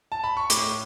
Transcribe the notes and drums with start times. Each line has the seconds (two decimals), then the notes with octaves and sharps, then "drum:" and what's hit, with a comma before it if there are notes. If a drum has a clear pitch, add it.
0.12 A5
0.24 B5
0.37 C#6
0.50 A2 D6, drum: hi-hat